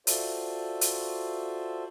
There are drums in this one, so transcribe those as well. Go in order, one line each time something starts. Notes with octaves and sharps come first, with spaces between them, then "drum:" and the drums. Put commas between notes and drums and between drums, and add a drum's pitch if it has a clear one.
F4 F#4 A4 C5 D5 E5, drum: hi-hat
drum: hi-hat